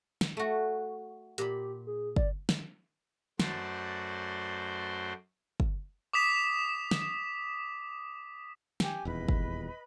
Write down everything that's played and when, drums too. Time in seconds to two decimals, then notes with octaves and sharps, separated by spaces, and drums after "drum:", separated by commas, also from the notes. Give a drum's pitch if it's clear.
0.21 drum: snare
0.37 A3 F#4
1.38 A#2 G4 B5, drum: hi-hat
1.87 G#4
2.16 D5, drum: kick
2.49 drum: snare
3.40 F#2 A3 F#4 C5 D5 C6, drum: snare
5.60 drum: kick
6.13 D6 D#6 B6 E7
6.91 drum: snare
8.80 G4 G#5, drum: snare
9.05 D#1 E2 B4 D#5 B5
9.29 drum: kick